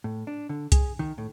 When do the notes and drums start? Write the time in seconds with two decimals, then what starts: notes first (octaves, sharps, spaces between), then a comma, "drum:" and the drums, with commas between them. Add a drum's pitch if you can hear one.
0.04 A2
0.27 D4
0.49 D3
0.72 G#4, drum: kick, hi-hat
0.99 D#3
1.18 A2